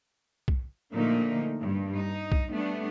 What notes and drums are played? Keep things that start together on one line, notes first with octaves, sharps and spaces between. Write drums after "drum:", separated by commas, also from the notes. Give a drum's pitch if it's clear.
drum: kick B1
A#2 D3 F3 A3 A#3 D#4
G2
D#4
drum: kick B1
G3 A3 B3 D4